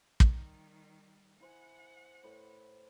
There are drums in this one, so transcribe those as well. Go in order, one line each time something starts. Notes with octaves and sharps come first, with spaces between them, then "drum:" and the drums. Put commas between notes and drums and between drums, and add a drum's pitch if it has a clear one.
D#3 G3, drum: kick
E4 C5 F#5 G#5
A2 B4 C5